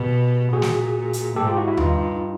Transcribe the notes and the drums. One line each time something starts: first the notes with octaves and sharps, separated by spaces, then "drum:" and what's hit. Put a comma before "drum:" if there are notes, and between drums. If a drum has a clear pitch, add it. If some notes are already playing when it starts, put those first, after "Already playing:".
Already playing: B2 G4
A#2 F#4 G#4
drum: snare
drum: hi-hat
G#2 G4 A4
F4 G4
E4 F#4
E4 F#4
G2 D#4 F4, drum: tom D#2